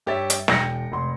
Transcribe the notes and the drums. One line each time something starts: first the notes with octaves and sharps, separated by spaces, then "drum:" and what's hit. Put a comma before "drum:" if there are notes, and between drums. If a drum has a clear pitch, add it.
G2 G4 C#5 E5 A6
drum: hi-hat
E1 G5 A#6 C#7, drum: snare
F1 C6